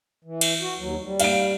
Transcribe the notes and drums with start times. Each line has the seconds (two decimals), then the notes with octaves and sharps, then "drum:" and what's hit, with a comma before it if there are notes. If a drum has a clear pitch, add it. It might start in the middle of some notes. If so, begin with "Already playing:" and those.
0.24 E3
0.41 drum: cymbal
0.61 F#4
0.77 D#2 F#3
1.02 G3
1.20 F5 D7, drum: cymbal